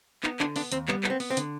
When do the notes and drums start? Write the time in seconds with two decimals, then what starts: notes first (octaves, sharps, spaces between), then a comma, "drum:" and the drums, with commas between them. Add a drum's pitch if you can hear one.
0.23 B3 D#4, drum: clap
0.40 D3 D4, drum: clap
0.56 B3 D4, drum: open hi-hat
0.72 D#2 C4, drum: hi-hat
0.88 G3 B3, drum: clap
1.04 B3, drum: clap
1.10 C4
1.20 B3, drum: open hi-hat
1.30 C4
1.37 D3, drum: hi-hat